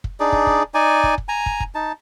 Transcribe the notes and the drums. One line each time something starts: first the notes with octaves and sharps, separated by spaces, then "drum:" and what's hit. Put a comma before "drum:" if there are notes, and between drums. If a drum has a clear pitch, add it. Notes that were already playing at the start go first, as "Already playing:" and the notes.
drum: kick
D4 D#4 G#4 D5
drum: kick
drum: kick
D#4 D5 G#5
drum: kick
drum: kick
G#5 A#5
drum: kick
drum: kick
D#4 A5